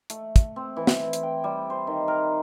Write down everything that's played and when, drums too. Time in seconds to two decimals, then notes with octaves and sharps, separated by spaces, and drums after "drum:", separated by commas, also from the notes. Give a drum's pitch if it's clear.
0.10 A3, drum: hi-hat
0.36 drum: kick, hi-hat
0.56 C4
0.76 E3
0.87 drum: snare
1.13 drum: hi-hat
1.23 G5
1.44 G3
1.70 C5
1.87 D#3
2.08 A#4